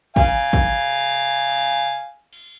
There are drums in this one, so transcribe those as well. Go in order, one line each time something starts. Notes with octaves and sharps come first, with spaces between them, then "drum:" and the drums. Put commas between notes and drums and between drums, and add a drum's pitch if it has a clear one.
F5 G#5, drum: kick
drum: kick
drum: cymbal